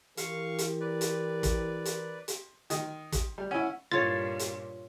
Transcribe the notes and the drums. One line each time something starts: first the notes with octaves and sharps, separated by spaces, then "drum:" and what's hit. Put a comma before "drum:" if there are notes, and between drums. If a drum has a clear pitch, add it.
E3 G4 A#4 F5 C#6, drum: hi-hat
drum: hi-hat
B4 D5
drum: hi-hat
drum: kick, hi-hat
drum: hi-hat
drum: hi-hat
D#3, drum: hi-hat
drum: kick, hi-hat
G3
C#4 E4 F#5
G2 A#2 F4 C#5 A6
drum: hi-hat